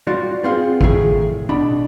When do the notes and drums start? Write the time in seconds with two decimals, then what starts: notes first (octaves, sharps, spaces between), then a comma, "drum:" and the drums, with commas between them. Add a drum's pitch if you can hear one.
0.07 G3 F4 F#4 D5
0.43 B3 C4 F4 G#4
0.81 A2 D#3 G#4, drum: kick A1
1.49 B2 D4 B5